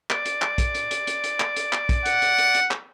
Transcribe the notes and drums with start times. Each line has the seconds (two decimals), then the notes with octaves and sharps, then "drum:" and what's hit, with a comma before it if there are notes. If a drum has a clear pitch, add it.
0.10 D5, drum: clap
0.25 drum: hi-hat
0.42 drum: clap
0.58 drum: kick, hi-hat
0.75 drum: hi-hat
0.91 drum: hi-hat
1.07 drum: hi-hat
1.24 drum: hi-hat
1.40 drum: clap
1.56 drum: hi-hat
1.73 drum: clap
1.89 drum: kick, hi-hat
2.05 F#5, drum: hi-hat
2.22 drum: hi-hat
2.38 drum: hi-hat
2.55 drum: hi-hat
2.71 drum: clap